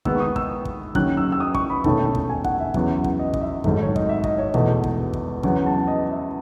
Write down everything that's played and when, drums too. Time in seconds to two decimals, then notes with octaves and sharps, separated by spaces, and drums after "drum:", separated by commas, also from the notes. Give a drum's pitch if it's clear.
0.05 D#2 D#3 G#3 B3 E6, drum: kick
0.15 C#6
0.20 D#6
0.36 E6, drum: kick
0.65 drum: kick
0.95 D#2 C#3 F#3 F#6, drum: kick
1.17 E6
1.32 E6
1.40 D#6
1.55 C#6, drum: kick
1.70 B5
1.84 E1 D#2 D#3 A3 C#4 A5, drum: kick
2.15 drum: kick
2.29 G#5
2.44 F#5, drum: kick
2.60 E5
2.74 E2 C#3 F#3 B3, drum: kick
3.04 drum: kick
3.19 D#5
3.34 D#5, drum: kick
3.41 E5
3.64 G#1 G#2 D#3 F#3 A3, drum: kick
3.82 C#5
3.96 D#5, drum: kick
4.09 E5
4.24 D#5, drum: kick
4.38 C#5
4.54 E1 E2 B2 A3 D#5, drum: kick
4.84 drum: kick
5.14 drum: kick
5.43 E2 C#3 F#3 B3, drum: kick
5.66 A5
5.88 D#5
6.11 E5